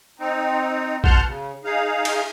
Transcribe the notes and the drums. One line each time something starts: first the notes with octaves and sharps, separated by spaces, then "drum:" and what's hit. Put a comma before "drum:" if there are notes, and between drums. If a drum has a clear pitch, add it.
C4 D#4
B2 F#5 A5 C6 F6 G6, drum: kick
C#3
D#4 G#4 F5
drum: cymbal